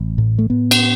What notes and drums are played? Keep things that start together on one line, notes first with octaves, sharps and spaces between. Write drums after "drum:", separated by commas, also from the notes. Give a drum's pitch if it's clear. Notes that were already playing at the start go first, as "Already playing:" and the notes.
Already playing: A1
A2
A3
A2 B3
drum: cymbal